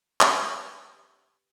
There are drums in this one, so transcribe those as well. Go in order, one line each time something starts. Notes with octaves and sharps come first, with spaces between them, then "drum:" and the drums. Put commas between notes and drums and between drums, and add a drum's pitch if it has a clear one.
G4 B4 G#5 B5 D#6, drum: clap